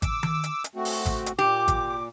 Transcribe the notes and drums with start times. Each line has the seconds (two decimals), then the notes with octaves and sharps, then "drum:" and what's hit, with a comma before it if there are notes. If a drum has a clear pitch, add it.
0.02 D6 E6, drum: kick G#1, hi-hat
0.23 drum: tom D#3
0.44 drum: hi-hat
0.64 drum: hi-hat
0.75 A3 C4 F#4
0.85 drum: open hi-hat
1.06 drum: kick G#1, hi-hat
1.26 drum: hi-hat
1.38 A#2 G4 D6
1.68 drum: kick G#1, hi-hat